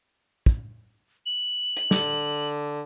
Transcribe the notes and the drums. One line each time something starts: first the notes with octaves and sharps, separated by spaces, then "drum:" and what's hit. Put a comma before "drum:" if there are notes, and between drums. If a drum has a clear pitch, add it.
drum: kick
F#7
drum: hi-hat
D3, drum: snare